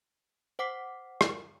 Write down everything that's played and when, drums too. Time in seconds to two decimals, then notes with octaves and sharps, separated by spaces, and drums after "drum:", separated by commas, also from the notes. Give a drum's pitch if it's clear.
0.59 C5 F#5 D6 B6 C7
1.21 drum: rim click